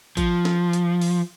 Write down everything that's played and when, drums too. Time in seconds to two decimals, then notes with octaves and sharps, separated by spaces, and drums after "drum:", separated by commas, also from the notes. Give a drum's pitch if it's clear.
0.17 F3, drum: kick G#1, hi-hat
0.45 drum: snare
0.73 drum: hi-hat
1.01 drum: open hi-hat